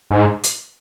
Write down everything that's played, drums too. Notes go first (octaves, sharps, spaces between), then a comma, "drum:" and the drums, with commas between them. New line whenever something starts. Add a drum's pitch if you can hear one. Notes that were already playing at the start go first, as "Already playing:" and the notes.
G#2
drum: hi-hat